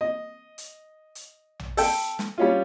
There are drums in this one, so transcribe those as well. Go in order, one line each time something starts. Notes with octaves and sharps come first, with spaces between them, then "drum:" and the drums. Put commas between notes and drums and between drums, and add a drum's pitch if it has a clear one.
D#5
drum: hi-hat
drum: hi-hat
drum: tom A#1
A4 G5, drum: open hi-hat
drum: snare
G3 C#4 F4